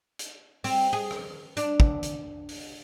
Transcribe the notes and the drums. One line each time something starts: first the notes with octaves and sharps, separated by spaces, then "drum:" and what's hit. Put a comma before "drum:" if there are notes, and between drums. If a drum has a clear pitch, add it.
drum: hi-hat
C4, drum: open hi-hat
G#4
drum: rim click
D4, drum: hi-hat
drum: kick
drum: hi-hat
drum: open hi-hat